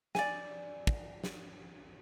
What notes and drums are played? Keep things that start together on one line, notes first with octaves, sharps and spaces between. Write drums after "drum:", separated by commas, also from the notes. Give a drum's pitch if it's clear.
D5 G#5, drum: snare
drum: kick
drum: snare